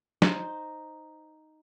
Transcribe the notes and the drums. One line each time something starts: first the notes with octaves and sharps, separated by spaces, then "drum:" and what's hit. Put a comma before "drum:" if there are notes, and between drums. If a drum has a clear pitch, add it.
D#4 C5, drum: snare